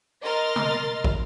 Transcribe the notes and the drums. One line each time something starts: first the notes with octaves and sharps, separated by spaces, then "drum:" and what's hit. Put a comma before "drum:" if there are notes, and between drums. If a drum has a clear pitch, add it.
A#4 D#5 C6 F6 A6
drum: tom
drum: kick